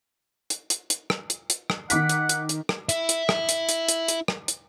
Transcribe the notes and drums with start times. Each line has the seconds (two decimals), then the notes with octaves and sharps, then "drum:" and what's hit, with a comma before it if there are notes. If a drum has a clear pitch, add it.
0.50 drum: hi-hat
0.70 drum: hi-hat
0.90 drum: hi-hat
1.10 drum: rim click
1.30 drum: hi-hat
1.50 drum: hi-hat
1.70 drum: rim click
1.90 D#3 F#5 D6 B6, drum: hi-hat
2.09 drum: hi-hat
2.29 drum: hi-hat
2.49 drum: hi-hat
2.69 drum: rim click
2.89 E4 E5, drum: hi-hat
3.09 drum: hi-hat
3.29 drum: rim click
3.49 drum: hi-hat
3.69 drum: hi-hat
3.89 drum: hi-hat
4.08 drum: hi-hat
4.28 drum: rim click
4.48 drum: hi-hat